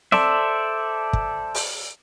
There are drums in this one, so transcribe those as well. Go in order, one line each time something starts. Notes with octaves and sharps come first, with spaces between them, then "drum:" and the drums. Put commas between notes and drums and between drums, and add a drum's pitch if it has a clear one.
A4 C5 D5 E5, drum: snare C4
drum: kick
drum: open hi-hat